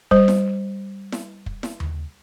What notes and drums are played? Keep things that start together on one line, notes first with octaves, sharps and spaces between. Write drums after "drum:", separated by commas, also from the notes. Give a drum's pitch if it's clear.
G3 C5, drum: kick
drum: snare E4
drum: snare E4
drum: kick
drum: snare E4
drum: tom D#2